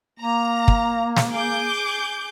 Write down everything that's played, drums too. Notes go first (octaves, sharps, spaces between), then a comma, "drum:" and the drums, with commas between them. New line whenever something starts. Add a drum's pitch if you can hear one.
A#3 A#5
drum: kick
drum: snare
G#4 D6 G6